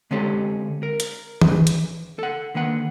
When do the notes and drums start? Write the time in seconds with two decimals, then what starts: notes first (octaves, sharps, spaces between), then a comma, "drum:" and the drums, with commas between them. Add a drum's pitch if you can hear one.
0.11 D3 G#3 C4 C#4 G4 A4
0.83 A#4
1.00 drum: hi-hat
1.41 drum: tom E3
1.67 drum: hi-hat
2.19 A4 F#5
2.55 D3 D#3 A#3 B4 F#5